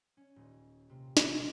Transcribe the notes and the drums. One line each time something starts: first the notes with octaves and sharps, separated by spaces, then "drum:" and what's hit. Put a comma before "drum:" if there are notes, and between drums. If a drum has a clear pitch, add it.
C#4
D#1
C3 A#3
A1 A2 F#4 C5, drum: snare
B2 G3 G#3 C6 C#7